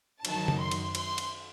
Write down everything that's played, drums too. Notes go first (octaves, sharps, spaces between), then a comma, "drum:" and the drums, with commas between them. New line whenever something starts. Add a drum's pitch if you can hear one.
F#2 D#3 F#3 A5, drum: cymbal
drum: tom C#3
C6
drum: cymbal
C6, drum: cymbal
drum: cymbal